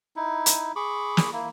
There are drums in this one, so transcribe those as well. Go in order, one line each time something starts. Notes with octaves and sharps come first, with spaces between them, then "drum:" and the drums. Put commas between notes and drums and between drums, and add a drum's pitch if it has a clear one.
D#4 E4
drum: hi-hat
G#4 B5 C#6 D6
drum: snare
A#3 E4